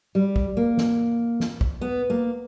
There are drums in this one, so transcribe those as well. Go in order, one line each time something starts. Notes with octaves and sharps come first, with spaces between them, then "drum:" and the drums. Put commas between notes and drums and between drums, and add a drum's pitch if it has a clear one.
G3
drum: kick
A#3
drum: snare
drum: snare
drum: kick
B3
A#3